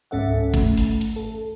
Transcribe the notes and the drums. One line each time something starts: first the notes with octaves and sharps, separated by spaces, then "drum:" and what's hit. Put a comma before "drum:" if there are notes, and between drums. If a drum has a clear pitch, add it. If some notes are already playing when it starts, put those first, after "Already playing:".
C#2 G#2 C#4 A4 E5 F#5
A3, drum: kick, hi-hat
drum: open hi-hat
drum: hi-hat
A4